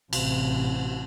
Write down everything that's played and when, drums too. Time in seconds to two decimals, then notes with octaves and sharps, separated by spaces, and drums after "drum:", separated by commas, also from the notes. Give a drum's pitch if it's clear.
0.13 A1 C3, drum: cymbal